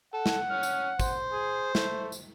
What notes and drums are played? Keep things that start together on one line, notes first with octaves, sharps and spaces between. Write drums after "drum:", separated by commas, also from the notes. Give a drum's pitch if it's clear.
A4 F#5
drum: snare
C#4 F6
drum: tambourine
C5, drum: kick, tambourine
G#4
A3, drum: snare
drum: tambourine